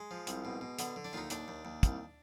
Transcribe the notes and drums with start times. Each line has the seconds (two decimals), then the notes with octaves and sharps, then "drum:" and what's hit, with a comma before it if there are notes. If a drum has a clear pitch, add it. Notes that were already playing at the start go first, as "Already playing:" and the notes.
Already playing: G#3
0.11 F3
0.27 C2, drum: hi-hat
0.45 B2
0.61 B2
0.79 D3 B3, drum: hi-hat
0.96 D3
1.05 D4
1.13 D#2 D#4 F4
1.30 D#2 D4, drum: hi-hat
1.48 D#2
1.65 D#2
1.83 C2, drum: kick, hi-hat